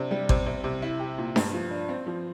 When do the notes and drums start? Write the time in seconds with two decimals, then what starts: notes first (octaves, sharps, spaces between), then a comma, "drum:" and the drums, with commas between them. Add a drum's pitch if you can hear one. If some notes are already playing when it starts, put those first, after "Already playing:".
Already playing: C3 D4
0.11 G3
0.29 C3, drum: kick
0.46 C3
0.64 C3
0.82 E4
0.99 G4
1.18 A#2
1.36 G2, drum: snare D4
1.53 F3
1.71 D4
1.89 C4
2.07 F3